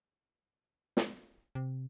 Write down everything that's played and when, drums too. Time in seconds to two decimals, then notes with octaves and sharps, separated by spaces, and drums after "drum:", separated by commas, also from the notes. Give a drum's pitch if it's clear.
0.97 drum: snare
1.55 C3